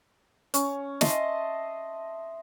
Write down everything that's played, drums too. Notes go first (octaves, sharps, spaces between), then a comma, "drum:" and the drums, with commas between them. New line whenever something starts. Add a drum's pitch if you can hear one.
C#4, drum: hi-hat
D#5 E5 A5 C6, drum: snare